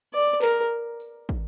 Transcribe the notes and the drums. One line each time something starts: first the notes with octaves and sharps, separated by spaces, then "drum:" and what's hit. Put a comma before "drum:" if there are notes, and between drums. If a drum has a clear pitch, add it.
D5
A#4, drum: clap
drum: tambourine
drum: kick